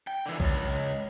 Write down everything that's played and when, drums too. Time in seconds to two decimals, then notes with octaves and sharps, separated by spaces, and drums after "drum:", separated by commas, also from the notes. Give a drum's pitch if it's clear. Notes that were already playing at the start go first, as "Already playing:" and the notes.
0.07 G5
0.26 D3 E3
0.40 C#2, drum: kick B1